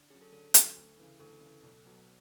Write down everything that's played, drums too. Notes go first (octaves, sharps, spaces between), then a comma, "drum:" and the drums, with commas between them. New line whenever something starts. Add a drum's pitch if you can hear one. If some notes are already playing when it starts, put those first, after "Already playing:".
Already playing: D3
F#3 C#4 G#4
A4
D3 A4
F#3 C#4, drum: hi-hat
D2
C#3 E3
D2 A4
C#3 E3
B1
B2 F#3